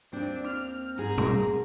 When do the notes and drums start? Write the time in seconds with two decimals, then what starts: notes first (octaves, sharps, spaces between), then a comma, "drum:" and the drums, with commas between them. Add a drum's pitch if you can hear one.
0.13 D#2 C4 D4
0.47 F6
0.98 G#2 G#4 A#4 A#5
1.18 drum: tom